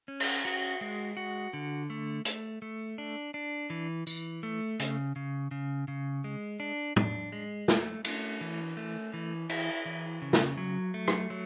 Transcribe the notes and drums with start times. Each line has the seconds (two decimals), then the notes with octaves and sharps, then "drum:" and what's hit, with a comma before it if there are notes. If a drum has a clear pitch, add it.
0.08 C#4
0.20 drum: cymbal
0.45 F#4
0.81 G#3
1.17 F#4
1.53 D3
1.90 A3
2.25 A3, drum: hi-hat
2.62 A3
2.98 D4
3.34 D4
3.70 E3
4.07 E3, drum: tambourine
4.43 A3
4.79 C#3, drum: hi-hat
5.16 C#3
5.51 C#3
5.88 C#3
6.24 G#3
6.60 D4
6.96 D4, drum: tom
7.32 G#3
7.68 A3, drum: snare
8.05 A3, drum: cymbal
8.41 E3
8.77 A3
9.13 E3
9.50 E4, drum: cymbal
9.85 E3
10.22 C#3
10.33 drum: snare
10.57 F#3
10.94 A3
11.08 drum: rim click
11.30 F#3